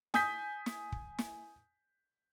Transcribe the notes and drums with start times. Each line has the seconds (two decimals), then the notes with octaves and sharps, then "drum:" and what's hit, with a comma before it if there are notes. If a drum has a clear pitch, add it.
0.14 G#5 D#6 G6 B6, drum: snare
0.66 drum: snare
0.92 drum: kick
1.19 drum: snare